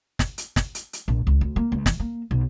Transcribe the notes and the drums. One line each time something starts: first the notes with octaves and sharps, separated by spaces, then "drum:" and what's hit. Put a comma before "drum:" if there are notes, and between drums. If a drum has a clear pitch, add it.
drum: snare
drum: hi-hat
drum: snare
drum: hi-hat
drum: hi-hat
A#1
C#2
D2
A#3
C#2
E3, drum: snare
A#3
B1